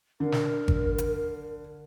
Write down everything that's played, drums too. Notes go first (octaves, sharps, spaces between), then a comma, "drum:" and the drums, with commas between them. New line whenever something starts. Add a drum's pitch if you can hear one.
D3 A#4
drum: snare
drum: kick G#1
drum: hi-hat